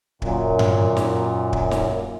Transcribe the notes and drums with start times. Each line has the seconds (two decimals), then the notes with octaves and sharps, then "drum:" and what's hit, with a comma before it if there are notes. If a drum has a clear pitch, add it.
0.22 F#2 A#2, drum: kick
0.59 drum: tom G2
0.97 drum: snare
1.53 drum: kick
1.71 drum: snare